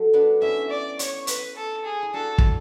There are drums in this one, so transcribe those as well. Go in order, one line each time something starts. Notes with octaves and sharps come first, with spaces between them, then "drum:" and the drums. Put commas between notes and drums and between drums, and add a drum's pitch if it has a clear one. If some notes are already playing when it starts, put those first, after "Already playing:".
Already playing: F#3 A3
B3 D4
C#4 E4 E5
D5
C#5, drum: hi-hat
B4, drum: hi-hat
A4
G#4
E4
D4 F#4 A4
drum: kick